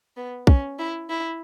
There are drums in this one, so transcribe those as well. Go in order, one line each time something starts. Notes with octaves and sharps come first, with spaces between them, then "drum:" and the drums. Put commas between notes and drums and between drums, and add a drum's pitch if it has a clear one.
B3
C#4, drum: kick
E4
E4